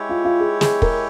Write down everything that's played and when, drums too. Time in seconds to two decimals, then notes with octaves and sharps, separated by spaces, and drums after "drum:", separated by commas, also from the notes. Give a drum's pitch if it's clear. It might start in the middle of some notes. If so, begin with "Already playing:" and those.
Already playing: G#3 E4 G4 C#5
0.09 F4
0.25 F4
0.40 G#4
0.61 G#4, drum: snare
0.82 A#4, drum: kick